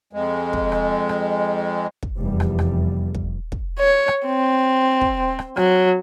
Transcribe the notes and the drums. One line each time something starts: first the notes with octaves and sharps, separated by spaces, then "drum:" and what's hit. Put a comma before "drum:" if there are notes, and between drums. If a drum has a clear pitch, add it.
F2 G#3
drum: kick
drum: rim click
drum: rim click
drum: kick
F1 E2 G3
drum: rim click
drum: rim click
drum: kick
drum: kick
C#5
drum: rim click
C4
drum: kick
drum: rim click
F#3, drum: rim click